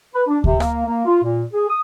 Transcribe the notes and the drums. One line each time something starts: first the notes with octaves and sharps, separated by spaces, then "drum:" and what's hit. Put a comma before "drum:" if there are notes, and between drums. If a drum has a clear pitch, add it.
B4
D4
C3, drum: kick D2
A#3, drum: rim click
A#3
F4
A#2
G#4
D#6